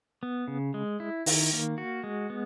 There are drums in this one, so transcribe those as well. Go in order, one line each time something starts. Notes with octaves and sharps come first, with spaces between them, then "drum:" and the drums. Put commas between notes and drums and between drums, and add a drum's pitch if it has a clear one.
B3
C#3
G#3
E4
D#3, drum: open hi-hat
A#3
F#4
G#3
B3